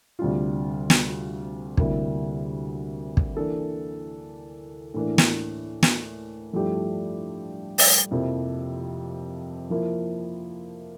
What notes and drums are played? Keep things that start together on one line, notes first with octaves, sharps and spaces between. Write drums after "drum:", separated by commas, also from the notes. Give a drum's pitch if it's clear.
D2 C3 G3 D4 F4
drum: snare
D2 C3 G3 A#3 E4, drum: kick
drum: kick
E3 A#3 D4 A4
A2 E3 A#3 D4
drum: snare
drum: snare
G2 F3 A3 E4 G4
drum: open hi-hat
F2 C3 F3 A#3 E4
F3 A#3 E4